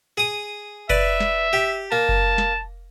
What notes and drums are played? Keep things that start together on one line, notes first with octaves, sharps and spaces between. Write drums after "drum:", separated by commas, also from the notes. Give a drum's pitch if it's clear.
G#4 D#6
B4 D5 E5, drum: kick F#1
drum: snare
G4
A#3 A5
drum: kick F#1
drum: snare